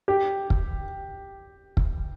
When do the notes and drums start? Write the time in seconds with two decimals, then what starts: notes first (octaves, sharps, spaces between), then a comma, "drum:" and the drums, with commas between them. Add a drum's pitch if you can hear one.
0.08 G4
0.50 drum: kick
1.77 drum: kick